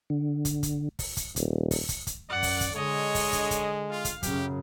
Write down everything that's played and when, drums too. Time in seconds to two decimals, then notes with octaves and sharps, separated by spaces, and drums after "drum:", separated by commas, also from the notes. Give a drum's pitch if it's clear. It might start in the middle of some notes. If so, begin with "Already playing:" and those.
0.10 D3
0.45 drum: kick, hi-hat
0.63 drum: kick, hi-hat
0.99 drum: kick, open hi-hat
1.17 drum: kick, hi-hat
1.36 D#1, drum: kick, hi-hat
1.71 drum: kick, open hi-hat
1.89 drum: kick, hi-hat
2.07 drum: kick, hi-hat
2.30 F#2 D5 F#5
2.43 drum: kick, open hi-hat
2.61 drum: kick, hi-hat
2.75 D3 G#3 C#5 D#5
3.15 drum: kick, open hi-hat
3.33 drum: kick, hi-hat
3.51 drum: kick, hi-hat
3.91 F4 F5
4.05 drum: kick, hi-hat
4.23 F#2 C#3 G4, drum: kick, hi-hat